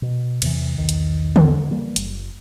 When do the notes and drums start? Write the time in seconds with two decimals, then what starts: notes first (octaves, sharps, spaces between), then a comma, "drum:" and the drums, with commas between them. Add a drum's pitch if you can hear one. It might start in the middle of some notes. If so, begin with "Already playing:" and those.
0.02 B2
0.42 E2 C3 E3, drum: cymbal
0.78 B1 E2 D#3
0.89 drum: hi-hat
1.36 drum: tom D3
1.69 C#3 E3 G3 A#3
1.96 F#1, drum: hi-hat